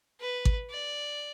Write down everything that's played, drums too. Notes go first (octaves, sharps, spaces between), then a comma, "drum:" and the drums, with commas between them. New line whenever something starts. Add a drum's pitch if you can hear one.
B4
drum: kick G#1
D5